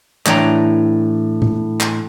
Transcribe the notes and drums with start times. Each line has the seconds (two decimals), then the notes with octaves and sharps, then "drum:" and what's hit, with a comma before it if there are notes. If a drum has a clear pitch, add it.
0.26 A2 E3 D4 C#5 G5 A#5, drum: clap
1.42 drum: tom A2
1.80 drum: clap